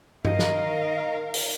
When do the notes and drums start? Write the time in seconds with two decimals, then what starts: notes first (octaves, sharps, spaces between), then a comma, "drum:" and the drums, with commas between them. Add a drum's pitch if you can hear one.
0.25 D#3 A#4 D#5 F5, drum: tom G2
0.39 drum: snare
1.34 drum: open hi-hat